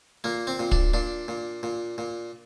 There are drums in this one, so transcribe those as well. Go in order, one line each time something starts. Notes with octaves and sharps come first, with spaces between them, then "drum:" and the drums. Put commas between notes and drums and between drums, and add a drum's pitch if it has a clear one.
A#2 A#3
C4
A#2
D4, drum: kick
A#2 D4
A#2
A#2
A#2